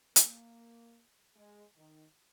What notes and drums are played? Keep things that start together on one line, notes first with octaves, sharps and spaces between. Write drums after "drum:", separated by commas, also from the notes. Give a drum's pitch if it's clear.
A#3, drum: hi-hat
G#3
D#3